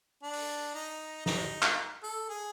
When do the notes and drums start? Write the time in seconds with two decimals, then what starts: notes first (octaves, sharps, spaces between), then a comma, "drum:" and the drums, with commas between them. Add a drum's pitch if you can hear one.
0.23 D4
0.33 drum: open hi-hat
0.75 D#4
1.26 D#4, drum: snare
1.63 drum: clap
2.04 A4
2.29 G#4